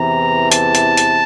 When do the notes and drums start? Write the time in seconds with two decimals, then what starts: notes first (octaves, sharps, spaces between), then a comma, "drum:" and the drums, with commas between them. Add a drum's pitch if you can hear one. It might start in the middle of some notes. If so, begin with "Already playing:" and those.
Already playing: E2 C3 E3 A#5
0.52 A5, drum: hi-hat
0.75 drum: hi-hat
0.97 drum: hi-hat